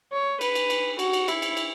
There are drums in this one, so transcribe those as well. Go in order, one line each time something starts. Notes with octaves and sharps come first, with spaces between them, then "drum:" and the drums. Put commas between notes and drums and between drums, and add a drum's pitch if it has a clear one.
C#5
B4, drum: cymbal
drum: cymbal
drum: cymbal
F#4, drum: cymbal
drum: cymbal
E4, drum: cymbal
drum: cymbal
drum: cymbal